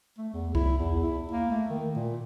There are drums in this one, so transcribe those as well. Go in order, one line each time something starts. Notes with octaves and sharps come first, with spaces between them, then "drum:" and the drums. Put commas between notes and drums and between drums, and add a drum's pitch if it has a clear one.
A3
E2
E4, drum: kick C2
E2
E4
A#3
A3
D#3
A#2